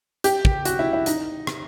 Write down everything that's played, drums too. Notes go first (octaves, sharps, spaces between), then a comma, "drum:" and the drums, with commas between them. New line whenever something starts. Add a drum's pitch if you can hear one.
G4, drum: hi-hat
drum: kick
F#4, drum: hi-hat
E4
E4
D#4, drum: hi-hat
drum: rim click